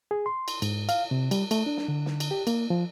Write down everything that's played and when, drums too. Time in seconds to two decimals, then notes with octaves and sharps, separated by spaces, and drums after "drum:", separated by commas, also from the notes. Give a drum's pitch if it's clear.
0.11 G#4
0.26 C6
0.48 drum: cymbal
0.62 G#2, drum: cymbal
0.89 F5, drum: cymbal
1.11 C3
1.31 G3, drum: cymbal
1.51 A3, drum: cymbal
1.66 D4
1.77 drum: snare
1.88 D3
2.06 drum: snare
2.20 drum: cymbal
2.31 G4
2.47 A#3, drum: cymbal
2.70 F3